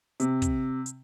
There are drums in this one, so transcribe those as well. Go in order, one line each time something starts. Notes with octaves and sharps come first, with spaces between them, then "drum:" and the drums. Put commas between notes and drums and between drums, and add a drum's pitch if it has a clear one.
C3, drum: hi-hat
drum: kick, hi-hat
drum: hi-hat